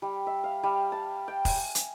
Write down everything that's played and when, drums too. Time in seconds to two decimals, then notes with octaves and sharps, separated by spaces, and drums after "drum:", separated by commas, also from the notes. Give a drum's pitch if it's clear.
0.02 G3
0.27 E5
0.44 F5
0.63 G3
0.92 A5
1.28 G5
1.45 G#5, drum: kick F1, open hi-hat
1.75 drum: hi-hat